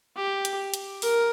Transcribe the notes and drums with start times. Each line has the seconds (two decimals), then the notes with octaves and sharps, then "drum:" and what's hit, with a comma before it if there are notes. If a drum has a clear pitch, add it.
0.16 G4
0.45 drum: hi-hat
0.74 drum: hi-hat
1.02 A#4, drum: open hi-hat